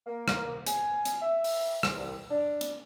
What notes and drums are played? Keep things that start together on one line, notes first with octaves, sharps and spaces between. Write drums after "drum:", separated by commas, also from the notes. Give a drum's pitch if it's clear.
A#3
drum: rim click
G#5, drum: hi-hat
drum: hi-hat
E5
drum: open hi-hat
drum: rim click
C2
D4
drum: hi-hat